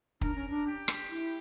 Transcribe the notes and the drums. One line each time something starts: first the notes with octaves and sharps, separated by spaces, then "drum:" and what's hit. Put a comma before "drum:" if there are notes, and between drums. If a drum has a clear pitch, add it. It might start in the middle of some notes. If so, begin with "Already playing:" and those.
D4 A#4, drum: kick
C#4
D4
G4
drum: rim click
E4